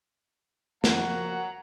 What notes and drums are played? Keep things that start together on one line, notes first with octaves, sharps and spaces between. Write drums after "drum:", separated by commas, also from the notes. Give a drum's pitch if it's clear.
F3 A#3 F#4 F#5 A#5, drum: snare